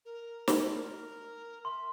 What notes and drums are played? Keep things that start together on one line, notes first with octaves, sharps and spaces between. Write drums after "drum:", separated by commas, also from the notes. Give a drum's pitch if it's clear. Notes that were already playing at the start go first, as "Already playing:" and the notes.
A#4
drum: snare
A#4
E5 C6